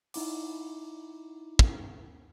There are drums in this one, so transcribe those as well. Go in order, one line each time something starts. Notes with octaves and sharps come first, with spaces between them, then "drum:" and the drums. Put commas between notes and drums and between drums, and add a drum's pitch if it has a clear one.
D#4 E4 D6, drum: open hi-hat
drum: kick